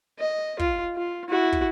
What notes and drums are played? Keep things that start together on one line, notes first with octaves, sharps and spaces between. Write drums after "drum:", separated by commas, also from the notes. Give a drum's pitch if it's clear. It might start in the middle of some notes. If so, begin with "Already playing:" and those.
D#5
F4, drum: kick
F4
E4 F#4
drum: kick